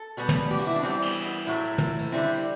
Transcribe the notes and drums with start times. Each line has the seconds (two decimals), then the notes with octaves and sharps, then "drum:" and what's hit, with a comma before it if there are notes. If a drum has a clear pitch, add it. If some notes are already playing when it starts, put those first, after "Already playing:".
Already playing: A4
0.17 B2 G3 B3
0.29 drum: tom
0.50 G4
0.58 F#4, drum: cymbal
0.66 E4
0.75 D4
0.82 E3 G3 B3 C4
1.02 drum: cymbal
1.47 A2 F#3 A3 E4
1.78 drum: tom
1.99 drum: cymbal
2.12 D3 G3 C4 E4